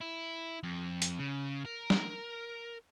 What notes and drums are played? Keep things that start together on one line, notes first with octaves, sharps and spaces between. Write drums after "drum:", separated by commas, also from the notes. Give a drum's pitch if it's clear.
E4
F2
drum: hi-hat
C#3
A#4
drum: snare